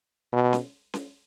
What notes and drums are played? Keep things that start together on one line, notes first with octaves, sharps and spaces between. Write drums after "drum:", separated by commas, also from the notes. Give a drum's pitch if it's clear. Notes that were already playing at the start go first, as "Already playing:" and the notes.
B2
drum: snare C#4
drum: snare C#4